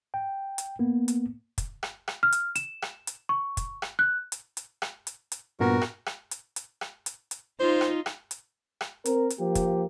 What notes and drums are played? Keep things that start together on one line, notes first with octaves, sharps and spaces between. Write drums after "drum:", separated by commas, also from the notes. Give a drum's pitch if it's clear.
G5
drum: hi-hat
A#3 B3
drum: hi-hat
drum: kick, hi-hat
drum: rim click
drum: rim click
F6
drum: hi-hat
E7, drum: hi-hat
drum: rim click
drum: hi-hat
C#6
drum: kick, hi-hat
drum: rim click
F#6
drum: hi-hat
drum: hi-hat
drum: rim click
drum: hi-hat
drum: hi-hat
G2 A#2 B3 F#4 A#4
drum: rim click
drum: rim click
drum: hi-hat
drum: hi-hat
drum: rim click
drum: hi-hat
drum: hi-hat
D#4 F4 C5
drum: rim click
drum: rim click
drum: hi-hat
drum: rim click
C4 A#4, drum: hi-hat
drum: hi-hat
F3 A#3 G4
drum: kick, hi-hat